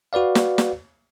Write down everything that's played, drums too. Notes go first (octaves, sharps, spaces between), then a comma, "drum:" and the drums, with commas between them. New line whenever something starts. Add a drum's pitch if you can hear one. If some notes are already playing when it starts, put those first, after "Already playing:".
F#4 B4 D5 F5
drum: snare
drum: snare